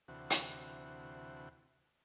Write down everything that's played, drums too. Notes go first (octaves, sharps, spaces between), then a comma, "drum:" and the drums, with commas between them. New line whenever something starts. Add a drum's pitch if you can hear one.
D2 C3 E3 F#4
drum: hi-hat